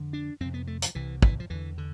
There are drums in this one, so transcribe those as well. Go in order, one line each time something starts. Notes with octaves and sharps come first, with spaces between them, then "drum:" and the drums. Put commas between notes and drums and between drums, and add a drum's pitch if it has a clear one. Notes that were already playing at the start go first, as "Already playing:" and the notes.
Already playing: F2 D3
D4
F2 C3 C4
B3
A3
F3, drum: hi-hat
C2 C3 E3
E3, drum: kick
F3
E2 D3 E3
D3